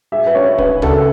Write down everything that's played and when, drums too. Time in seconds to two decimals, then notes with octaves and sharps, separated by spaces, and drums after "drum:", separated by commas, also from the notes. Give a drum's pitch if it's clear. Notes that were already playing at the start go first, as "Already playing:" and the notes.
0.12 G#4 E5
0.26 B4
0.35 C#4 C#5
0.58 C#4 B4, drum: kick
0.82 C#3 A4, drum: tom C#2